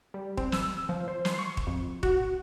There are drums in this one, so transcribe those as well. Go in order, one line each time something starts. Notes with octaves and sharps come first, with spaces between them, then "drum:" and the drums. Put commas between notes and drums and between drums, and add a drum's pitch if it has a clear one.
G3
C4, drum: kick
E6, drum: snare
F3
C5
C6, drum: snare
C#6
drum: kick
F2
F#4, drum: kick